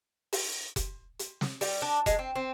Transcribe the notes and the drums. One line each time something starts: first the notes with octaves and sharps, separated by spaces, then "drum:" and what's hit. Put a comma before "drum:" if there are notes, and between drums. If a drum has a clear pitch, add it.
drum: open hi-hat
drum: kick F1, hi-hat
drum: hi-hat
drum: snare
G3, drum: open hi-hat
D4
G#3, drum: kick F1, hi-hat
C4
C4